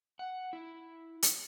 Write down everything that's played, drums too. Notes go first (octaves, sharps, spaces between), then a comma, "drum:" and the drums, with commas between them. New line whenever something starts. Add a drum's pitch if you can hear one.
F#5
E4
drum: hi-hat